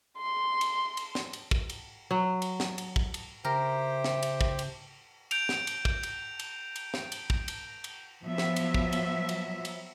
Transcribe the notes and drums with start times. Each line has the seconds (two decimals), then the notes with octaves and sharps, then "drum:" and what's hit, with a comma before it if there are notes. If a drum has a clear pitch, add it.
0.18 C6
0.61 drum: cymbal
0.97 drum: cymbal
1.15 drum: snare
1.33 drum: cymbal
1.51 drum: kick
1.69 drum: cymbal
2.11 F#3
2.42 drum: cymbal
2.60 drum: snare
2.78 drum: cymbal
2.96 drum: kick
3.14 drum: cymbal
3.45 C#3 G4 A#4 C5 E5 G5
4.04 drum: snare
4.23 drum: cymbal
4.41 drum: kick
4.59 drum: cymbal
5.31 G6 D7 F7, drum: cymbal
5.49 drum: snare
5.67 drum: cymbal
5.85 drum: kick
6.03 drum: cymbal
6.39 drum: cymbal
6.76 drum: cymbal
6.94 drum: snare
7.12 drum: cymbal
7.30 drum: kick
7.48 drum: cymbal
7.84 drum: cymbal
8.24 F3 F#3 B3 E5
8.38 drum: snare
8.56 drum: cymbal
8.74 drum: kick
8.93 drum: cymbal
9.29 drum: cymbal
9.65 drum: cymbal